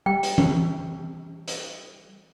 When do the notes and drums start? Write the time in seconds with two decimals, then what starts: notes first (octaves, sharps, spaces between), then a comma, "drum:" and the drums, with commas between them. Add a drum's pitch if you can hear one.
0.06 G3 G5
0.23 drum: hi-hat
0.38 drum: tom E3
1.48 drum: hi-hat